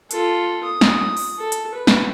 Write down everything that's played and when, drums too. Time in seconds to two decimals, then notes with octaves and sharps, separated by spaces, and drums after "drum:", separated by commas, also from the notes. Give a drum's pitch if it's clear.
0.11 F4 A4, drum: hi-hat
0.64 D#6
0.81 drum: snare
1.17 drum: open hi-hat
1.38 A4
1.52 drum: hi-hat
1.74 B4
1.87 drum: snare